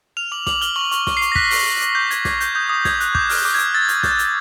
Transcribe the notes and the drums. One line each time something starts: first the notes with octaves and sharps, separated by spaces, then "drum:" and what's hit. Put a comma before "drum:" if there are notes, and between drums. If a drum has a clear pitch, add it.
F6 F7
D6 F#7
D6 F#7, drum: snare
F6 G7, drum: hi-hat
C#6 F#7
C#6, drum: hi-hat
C#6, drum: snare
C7
C#6, drum: hi-hat
A#6
F#6 B6, drum: kick
F#6, drum: open hi-hat
D6
D6, drum: hi-hat
D6 G6
G6 G#6, drum: hi-hat
D6 G#6, drum: snare
G6, drum: hi-hat
D#6 G6
D#6
D#6 G#6, drum: snare
F#6, drum: hi-hat
D6 G6, drum: kick
F6, drum: open hi-hat
D6
G#6
F6, drum: hi-hat
E6 A6
C#6, drum: hi-hat
C#6 G6, drum: snare
G6, drum: hi-hat